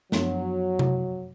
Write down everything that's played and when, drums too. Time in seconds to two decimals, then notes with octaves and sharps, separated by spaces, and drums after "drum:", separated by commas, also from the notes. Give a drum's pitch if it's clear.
0.12 F#2 F3 F#3 B3 D4, drum: snare
0.79 drum: tom C3